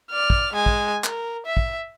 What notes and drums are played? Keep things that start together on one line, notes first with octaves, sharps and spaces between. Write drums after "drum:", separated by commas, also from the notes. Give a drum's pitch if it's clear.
D5 F6
drum: kick
G#3 G#5
drum: kick
A#4, drum: clap
E5
drum: kick